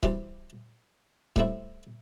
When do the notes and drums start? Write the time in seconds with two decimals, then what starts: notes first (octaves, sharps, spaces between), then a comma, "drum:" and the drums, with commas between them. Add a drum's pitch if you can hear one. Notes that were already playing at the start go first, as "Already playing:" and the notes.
0.03 E3 G3 C4 G4, drum: kick C#1
1.36 A2 G3 C4 E4, drum: kick C#1